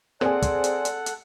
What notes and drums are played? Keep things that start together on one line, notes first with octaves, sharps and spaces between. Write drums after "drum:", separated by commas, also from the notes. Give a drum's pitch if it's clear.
C4 G#4 A4 D5 F#5, drum: rim click
drum: kick, hi-hat
drum: hi-hat
drum: hi-hat
drum: hi-hat